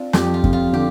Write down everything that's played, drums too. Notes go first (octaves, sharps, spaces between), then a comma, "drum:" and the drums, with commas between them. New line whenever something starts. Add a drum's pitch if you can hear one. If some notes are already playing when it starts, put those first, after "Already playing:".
Already playing: C4 D4 F4
F2 G4, drum: snare
F4
F2, drum: kick F2
F4
D3 G4